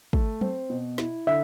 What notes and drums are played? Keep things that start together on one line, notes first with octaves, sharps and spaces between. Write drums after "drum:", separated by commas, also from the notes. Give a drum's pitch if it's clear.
A3, drum: kick
C4, drum: tom F#3
B2
E4, drum: snare
D3 E5